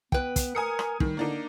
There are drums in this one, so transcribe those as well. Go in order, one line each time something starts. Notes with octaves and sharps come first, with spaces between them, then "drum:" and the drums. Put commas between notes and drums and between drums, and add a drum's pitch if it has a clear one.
B3 B4 G5, drum: kick
drum: kick, hi-hat
A#4 G#5 D#6 C#7
drum: rim click
D#3 G3, drum: kick
D3 A#3 D4 D#4